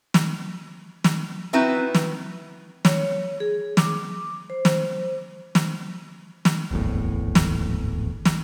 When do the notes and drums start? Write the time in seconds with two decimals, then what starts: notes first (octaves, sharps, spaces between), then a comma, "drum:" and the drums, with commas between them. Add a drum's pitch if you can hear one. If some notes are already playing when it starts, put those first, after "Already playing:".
0.14 drum: snare
1.04 drum: snare
1.53 B3 C4 D#4 E4 F#4 B4
1.94 drum: snare
2.85 C#5, drum: snare
3.40 G#4
3.77 D6, drum: snare
4.50 C5
4.65 drum: snare
5.55 drum: snare
6.45 drum: snare
6.71 D1 G#1 E2 A2
7.35 drum: snare
8.25 drum: snare